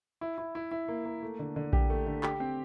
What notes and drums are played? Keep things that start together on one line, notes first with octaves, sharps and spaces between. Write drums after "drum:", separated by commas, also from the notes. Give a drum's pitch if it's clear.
E4
E4
E4
E4
A#3
A#3
A3
D3
D3
G4, drum: kick A#1
A3
D3
G4, drum: clap
C4